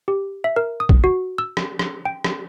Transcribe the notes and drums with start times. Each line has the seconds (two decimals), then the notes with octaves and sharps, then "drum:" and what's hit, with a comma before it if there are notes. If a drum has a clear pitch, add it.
0.08 G4
0.44 E5
0.56 A#4
0.80 D#6
0.89 drum: kick
1.04 F#4
1.38 E6
1.57 drum: rim click
1.79 drum: rim click
2.05 G5
2.24 drum: rim click